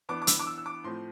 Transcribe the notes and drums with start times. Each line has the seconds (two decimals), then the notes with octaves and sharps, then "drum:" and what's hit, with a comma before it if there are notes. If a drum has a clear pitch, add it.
0.09 E3 B3 D4 D6
0.22 D6
0.27 E6, drum: hi-hat
0.40 D6
0.47 E6
0.58 E6
0.66 D6
0.84 A2 F3 C4 C6